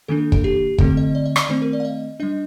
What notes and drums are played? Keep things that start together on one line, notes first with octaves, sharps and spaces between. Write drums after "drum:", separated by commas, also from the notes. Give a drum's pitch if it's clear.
D#3 A#3 D4 A4
A4, drum: kick
G4
D3 A3 C4 A4, drum: kick
D#5
D5
D#5
D5, drum: rim click
D#3 A3 C4 C5
A#4
D5
F5
D#5
G3 D4 D#5